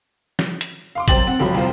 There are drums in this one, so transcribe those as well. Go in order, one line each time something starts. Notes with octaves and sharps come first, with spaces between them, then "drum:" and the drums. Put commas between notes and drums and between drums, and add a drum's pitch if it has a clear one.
drum: snare
drum: hi-hat
F5 C6 D6
F#2 C5 G5 A6 F#7, drum: kick A1, hi-hat
C4 F#5
G1 C#2 F3 F#3 C5 B5
C2 F2 F4 C5